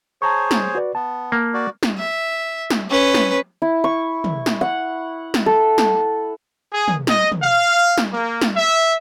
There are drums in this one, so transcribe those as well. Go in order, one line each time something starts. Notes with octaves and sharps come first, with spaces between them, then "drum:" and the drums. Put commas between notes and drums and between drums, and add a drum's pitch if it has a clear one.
G#4 C5 C#5 A5 A#5 C#6
drum: snare
F#4 B4 D5
B3 A5
A#3
F#4 D5
drum: snare
E5
drum: snare
C#4 B4
drum: snare
E4
C#6
drum: tom
drum: snare
F#5
drum: snare
A4
drum: snare
G#4
drum: tom
D#5, drum: snare
drum: tom
F5
drum: snare
A#3
drum: snare
E5